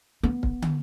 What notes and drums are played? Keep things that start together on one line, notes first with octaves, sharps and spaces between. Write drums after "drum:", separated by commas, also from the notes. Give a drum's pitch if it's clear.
B3
drum: kick
drum: tom